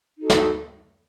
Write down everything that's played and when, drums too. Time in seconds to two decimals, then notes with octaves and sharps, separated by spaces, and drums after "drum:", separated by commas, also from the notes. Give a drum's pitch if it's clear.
0.18 D#4 F#4 A4
0.30 drum: snare